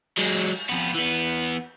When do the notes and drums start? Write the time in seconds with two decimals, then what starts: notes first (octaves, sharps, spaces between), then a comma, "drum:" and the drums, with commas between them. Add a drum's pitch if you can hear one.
0.17 F#3 G#3, drum: cymbal
0.69 F2 B3
0.95 E3 B3